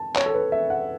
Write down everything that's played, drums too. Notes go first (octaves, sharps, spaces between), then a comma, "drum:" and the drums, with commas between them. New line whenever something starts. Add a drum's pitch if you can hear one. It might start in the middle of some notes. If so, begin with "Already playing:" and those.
Already playing: A5
C#5, drum: clap
A4
B4
E5
F#5